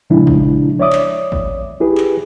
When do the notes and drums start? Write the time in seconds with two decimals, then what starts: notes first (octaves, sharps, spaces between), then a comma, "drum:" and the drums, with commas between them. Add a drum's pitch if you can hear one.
0.10 A#2 C#3 F3 G#3 D4 E4
0.27 drum: kick G#1
0.79 C#5 D5 E5 D6 D#6
0.93 drum: clap
1.32 drum: kick G#1
1.80 E4 G4 G#4 B4
1.98 drum: clap